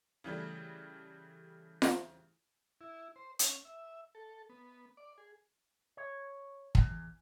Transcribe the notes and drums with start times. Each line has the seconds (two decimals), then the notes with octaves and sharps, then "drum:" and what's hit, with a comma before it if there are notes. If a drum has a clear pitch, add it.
0.24 C#3 E3 G3 A3
1.82 drum: snare F4
2.81 E4
3.16 C5
3.39 C#4, drum: hi-hat
3.65 E5
4.15 A4
4.49 B3
4.97 D5
5.18 G#4
5.97 C#5
6.75 E2, drum: kick